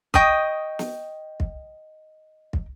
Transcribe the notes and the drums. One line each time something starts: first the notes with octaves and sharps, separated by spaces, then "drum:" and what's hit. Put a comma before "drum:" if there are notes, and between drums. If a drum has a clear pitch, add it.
D#5 G5 C#6 D#6, drum: kick
drum: snare
drum: kick
drum: kick